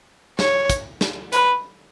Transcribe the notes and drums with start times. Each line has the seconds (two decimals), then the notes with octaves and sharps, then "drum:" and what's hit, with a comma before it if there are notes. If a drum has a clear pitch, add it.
0.39 C#5, drum: snare
0.70 drum: kick, hi-hat
1.01 drum: snare
1.33 B4, drum: hi-hat